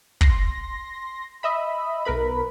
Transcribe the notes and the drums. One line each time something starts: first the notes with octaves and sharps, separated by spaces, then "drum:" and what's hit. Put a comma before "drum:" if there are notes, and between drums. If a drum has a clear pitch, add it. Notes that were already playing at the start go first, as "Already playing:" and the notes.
C6 A#6, drum: kick
D#5 E5 B5
B1 A#4 B4 B5